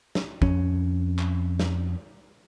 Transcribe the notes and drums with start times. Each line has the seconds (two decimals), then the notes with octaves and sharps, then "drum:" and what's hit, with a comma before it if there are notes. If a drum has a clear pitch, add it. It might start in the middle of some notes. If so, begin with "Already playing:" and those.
0.15 drum: snare
0.42 F2 C#4, drum: kick
1.19 drum: clap
1.60 drum: snare